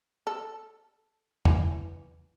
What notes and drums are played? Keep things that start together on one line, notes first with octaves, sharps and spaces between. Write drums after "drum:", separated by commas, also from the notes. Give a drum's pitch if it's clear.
A4
E3, drum: tom E2